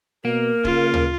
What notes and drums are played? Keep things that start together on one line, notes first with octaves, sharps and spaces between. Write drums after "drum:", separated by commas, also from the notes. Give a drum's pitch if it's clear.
B2 A#3 A#4
C#3 F4, drum: kick
drum: tom